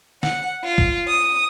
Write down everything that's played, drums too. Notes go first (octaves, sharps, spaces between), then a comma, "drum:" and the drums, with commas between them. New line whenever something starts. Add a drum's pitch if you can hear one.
F#5, drum: snare
F4
drum: kick
D#6